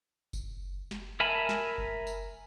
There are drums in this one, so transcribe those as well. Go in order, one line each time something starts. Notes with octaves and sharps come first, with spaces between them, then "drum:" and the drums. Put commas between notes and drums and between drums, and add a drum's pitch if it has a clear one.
drum: kick F#1, tambourine
drum: snare
A#4 E5 G#5 A5 B5
drum: snare
drum: kick F#1
drum: tambourine